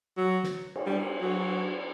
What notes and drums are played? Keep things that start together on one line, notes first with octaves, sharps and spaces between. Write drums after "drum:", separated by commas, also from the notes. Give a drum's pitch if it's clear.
F#3
drum: snare
drum: cymbal
G3
F#3